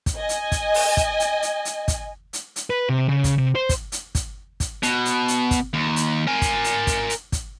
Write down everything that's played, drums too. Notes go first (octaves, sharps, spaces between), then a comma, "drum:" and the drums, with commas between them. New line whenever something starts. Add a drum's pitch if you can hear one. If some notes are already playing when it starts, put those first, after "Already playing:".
drum: kick, hi-hat
D#5 G#5
drum: hi-hat
drum: kick, hi-hat
drum: open hi-hat
drum: kick, hi-hat
drum: hi-hat
drum: hi-hat
drum: hi-hat
drum: kick, hi-hat
drum: hi-hat
drum: hi-hat
B4
C3
C#3
drum: kick, hi-hat
C3
C5
drum: kick, hi-hat
drum: hi-hat
drum: kick, hi-hat
drum: kick, hi-hat
B2, drum: hi-hat
drum: hi-hat
drum: hi-hat
drum: kick, hi-hat
D#2
drum: hi-hat
A#4 G#5
drum: kick, hi-hat
drum: hi-hat
drum: kick, hi-hat
drum: hi-hat
drum: kick, hi-hat